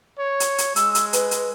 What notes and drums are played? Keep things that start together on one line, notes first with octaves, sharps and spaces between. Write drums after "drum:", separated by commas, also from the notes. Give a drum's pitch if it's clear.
C#5
drum: hi-hat
drum: hi-hat
G#3 E6, drum: hi-hat
drum: hi-hat
B4, drum: hi-hat
drum: hi-hat